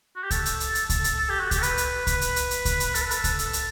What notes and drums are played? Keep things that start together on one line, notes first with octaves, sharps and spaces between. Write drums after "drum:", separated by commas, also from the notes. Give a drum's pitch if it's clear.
F#4
G4
A4, drum: kick C#2, hi-hat
drum: hi-hat
drum: hi-hat
drum: hi-hat
drum: kick C#2, hi-hat
drum: hi-hat
A4
G4
F#4
G4, drum: kick C#2, hi-hat
A4
B4, drum: hi-hat
drum: hi-hat
B4, drum: kick C#2, hi-hat
drum: hi-hat
drum: hi-hat
drum: hi-hat
drum: kick C#2, hi-hat
drum: hi-hat
A4, drum: hi-hat
B4
A4, drum: hi-hat
drum: kick C#2, hi-hat
A4, drum: hi-hat
drum: hi-hat